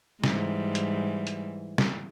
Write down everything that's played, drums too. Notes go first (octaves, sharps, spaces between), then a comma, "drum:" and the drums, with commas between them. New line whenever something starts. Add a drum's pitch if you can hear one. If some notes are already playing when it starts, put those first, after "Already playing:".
G#2 E3 G3, drum: snare
drum: hi-hat
drum: hi-hat
drum: snare